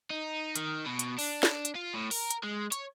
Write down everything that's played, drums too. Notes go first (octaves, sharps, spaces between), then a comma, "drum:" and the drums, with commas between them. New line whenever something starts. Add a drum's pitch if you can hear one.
D#4
D#3, drum: hi-hat
B2
drum: hi-hat
D4, drum: open hi-hat
drum: snare
drum: hi-hat
F4
A2
A#4, drum: open hi-hat
drum: hi-hat
G#3
C#5, drum: hi-hat